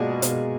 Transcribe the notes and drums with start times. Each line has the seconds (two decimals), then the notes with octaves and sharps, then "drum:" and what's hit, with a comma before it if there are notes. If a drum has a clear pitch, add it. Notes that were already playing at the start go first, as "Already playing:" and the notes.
Already playing: B2 G#3 A#3 F4 G#4 D5
0.22 B2, drum: hi-hat